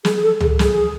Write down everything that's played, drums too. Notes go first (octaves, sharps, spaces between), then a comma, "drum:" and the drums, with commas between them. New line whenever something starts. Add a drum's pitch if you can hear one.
G#4, drum: snare
G#4
A4
G#4, drum: tom C#2
G#4, drum: snare